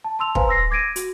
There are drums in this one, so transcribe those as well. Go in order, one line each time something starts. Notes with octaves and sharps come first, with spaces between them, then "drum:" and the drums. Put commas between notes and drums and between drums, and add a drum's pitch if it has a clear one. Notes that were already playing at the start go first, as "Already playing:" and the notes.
A5
A5 C6 E6 F7
B4 C5 F5 G#5 A#5 C6, drum: kick
C6 E6 A#6 C7
D6 G#6 A#6 D7 D#7
F#4, drum: hi-hat